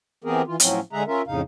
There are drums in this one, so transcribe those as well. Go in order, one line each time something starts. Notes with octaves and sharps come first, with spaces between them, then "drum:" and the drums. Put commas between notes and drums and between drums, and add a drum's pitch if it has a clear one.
E3 B3 C4 G4 G#4 A#4
E3 F4
A2 F3 F#3 C4 C#4, drum: hi-hat
D3 G#3 G#4 E5 F#5 A#5
C#4 F4 A#4 E5
F2 A2 C#3 D#4 F5